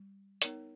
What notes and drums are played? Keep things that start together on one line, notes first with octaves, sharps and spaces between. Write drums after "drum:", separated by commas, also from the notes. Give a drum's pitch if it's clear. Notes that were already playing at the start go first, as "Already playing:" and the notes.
Already playing: G3
B3 D#4 A#4 C#5, drum: hi-hat